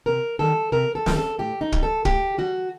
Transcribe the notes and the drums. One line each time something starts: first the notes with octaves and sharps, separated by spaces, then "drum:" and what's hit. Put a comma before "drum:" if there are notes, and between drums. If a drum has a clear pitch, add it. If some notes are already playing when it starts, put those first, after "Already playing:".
C3 A#4
D#3 G3 A4
C3 A#4
A4
D#3 G3, drum: snare
A4
A2 G4
D#4
G3, drum: kick
A4
A2 G4, drum: kick
G3 F#4